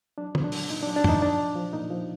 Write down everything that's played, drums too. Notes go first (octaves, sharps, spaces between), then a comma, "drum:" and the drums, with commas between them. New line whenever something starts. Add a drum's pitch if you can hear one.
F#3 D4
A#2, drum: tom
D4
F#3, drum: open hi-hat
A#2 D#4
D4
F#3
D4
A#2 D#4, drum: tom
F3 D4
A#2
F3
A#2 D#4
F3